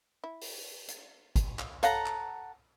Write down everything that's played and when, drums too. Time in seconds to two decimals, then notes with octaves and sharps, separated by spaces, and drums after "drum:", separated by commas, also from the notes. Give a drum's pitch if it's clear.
0.24 E4
0.41 drum: open hi-hat
0.88 drum: hi-hat
1.36 drum: kick, hi-hat
1.59 drum: clap
1.83 A4 C#5 F5 F#5 A#5, drum: hi-hat
2.06 drum: clap